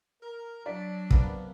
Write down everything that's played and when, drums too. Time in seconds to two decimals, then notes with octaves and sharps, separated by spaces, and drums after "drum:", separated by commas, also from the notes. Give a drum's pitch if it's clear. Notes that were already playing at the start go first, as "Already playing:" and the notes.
0.23 A#4
0.66 F#3 D4 D5 B6
1.11 C3 A#3 B3, drum: kick